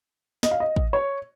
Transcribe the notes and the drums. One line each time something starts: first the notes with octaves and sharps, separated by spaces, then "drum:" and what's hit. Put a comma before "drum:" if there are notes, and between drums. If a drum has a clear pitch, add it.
D#5, drum: snare
F5
D#5
drum: kick
C#5